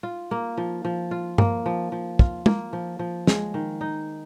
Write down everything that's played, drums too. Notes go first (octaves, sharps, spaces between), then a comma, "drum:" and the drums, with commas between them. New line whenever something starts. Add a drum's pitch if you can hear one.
F4
A#3
F3
F3
F4
A#3, drum: tom G2
F3
F3
F4, drum: kick
A#3, drum: tom
F3
F3
G#3, drum: snare
D#3
D#4